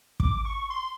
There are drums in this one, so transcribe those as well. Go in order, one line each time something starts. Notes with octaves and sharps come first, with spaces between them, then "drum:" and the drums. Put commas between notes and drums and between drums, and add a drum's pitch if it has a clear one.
D6, drum: kick
C#6
C6